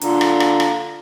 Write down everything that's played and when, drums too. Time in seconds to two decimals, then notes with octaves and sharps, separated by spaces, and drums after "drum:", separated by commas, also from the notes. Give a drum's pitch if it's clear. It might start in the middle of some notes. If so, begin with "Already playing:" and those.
0.01 D3 F4 A#5, drum: hi-hat
0.21 drum: rim click
0.40 drum: rim click
0.60 drum: rim click